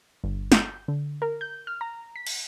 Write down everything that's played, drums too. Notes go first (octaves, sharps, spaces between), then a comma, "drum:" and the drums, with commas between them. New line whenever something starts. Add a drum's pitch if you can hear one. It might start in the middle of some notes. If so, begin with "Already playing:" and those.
G1
G6, drum: snare
D3
A#4
G6
F6
A#5
B6
drum: cymbal